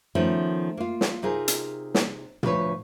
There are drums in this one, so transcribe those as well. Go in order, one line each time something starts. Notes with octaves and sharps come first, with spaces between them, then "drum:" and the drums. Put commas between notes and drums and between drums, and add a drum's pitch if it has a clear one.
D#3 F3 A3 B3 C#4
A#3 F4
drum: snare
C3 D#4 F4 G#4 A#4
drum: hi-hat
drum: snare
D2 F3 B4 C#5, drum: tom